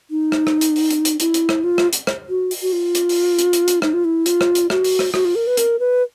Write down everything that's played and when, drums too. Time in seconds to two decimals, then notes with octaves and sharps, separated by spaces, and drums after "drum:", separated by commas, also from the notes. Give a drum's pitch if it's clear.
0.10 D#4
0.32 drum: rim click
0.47 drum: rim click
0.61 drum: hi-hat
0.76 drum: open hi-hat
0.91 drum: hi-hat
1.05 drum: hi-hat
1.20 E4, drum: hi-hat
1.34 drum: hi-hat
1.49 drum: rim click
1.64 F4
1.78 drum: rim click
1.93 drum: hi-hat
2.07 drum: rim click
2.29 F#4
2.51 drum: open hi-hat
2.62 F#4
2.72 F4
2.95 drum: hi-hat
3.09 drum: open hi-hat
3.39 drum: hi-hat
3.53 drum: hi-hat
3.68 drum: hi-hat
3.82 D#4, drum: rim click
3.93 F4
4.05 E4
4.26 F4, drum: hi-hat
4.41 drum: rim click
4.55 drum: hi-hat
4.70 F#4, drum: rim click
4.84 drum: open hi-hat
4.99 drum: rim click
5.14 F#4, drum: rim click
5.25 F4
5.35 A#4
5.47 B4
5.57 A#4, drum: hi-hat
5.79 B4